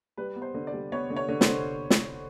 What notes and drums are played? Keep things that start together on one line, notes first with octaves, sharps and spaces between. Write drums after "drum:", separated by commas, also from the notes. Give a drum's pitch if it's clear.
G3 B4
B3
C5
D3
D5
G3
B3 C#5
D3
C#5
D3
C5, drum: snare
D3
drum: snare